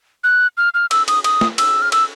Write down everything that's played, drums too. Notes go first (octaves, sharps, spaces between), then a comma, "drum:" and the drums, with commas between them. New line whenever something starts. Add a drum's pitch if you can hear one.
F#6
F6
F6
E6, drum: cymbal
D#6, drum: cymbal
D#6, drum: cymbal
drum: snare
E6, drum: cymbal
F6
E6, drum: cymbal